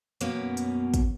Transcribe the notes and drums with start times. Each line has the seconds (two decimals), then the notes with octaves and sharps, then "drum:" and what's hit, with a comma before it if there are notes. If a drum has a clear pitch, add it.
0.21 F#2 B2 A#3 B3 C#4, drum: hi-hat
0.57 drum: hi-hat
0.94 drum: kick, hi-hat